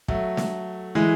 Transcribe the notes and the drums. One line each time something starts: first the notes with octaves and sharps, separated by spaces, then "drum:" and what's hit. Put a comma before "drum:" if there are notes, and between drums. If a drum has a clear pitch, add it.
F#3 A3, drum: kick
drum: snare
E3 G#3